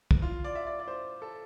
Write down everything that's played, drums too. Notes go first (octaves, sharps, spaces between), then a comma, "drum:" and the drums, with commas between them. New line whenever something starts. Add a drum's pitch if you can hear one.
drum: kick
F4
D5
E5
D5
D5
C5
A4